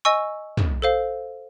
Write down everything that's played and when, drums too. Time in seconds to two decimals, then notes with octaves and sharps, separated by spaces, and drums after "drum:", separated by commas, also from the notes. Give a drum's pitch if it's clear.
0.05 D#5 G#5 C#6 E6
0.57 drum: tom
0.82 A4 C5 F5